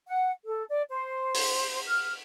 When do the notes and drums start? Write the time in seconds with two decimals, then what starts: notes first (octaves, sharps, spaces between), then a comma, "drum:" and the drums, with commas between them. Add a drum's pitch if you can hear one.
0.07 F#5
0.45 A4
0.69 D5
0.89 C5
1.34 drum: open hi-hat
1.87 F6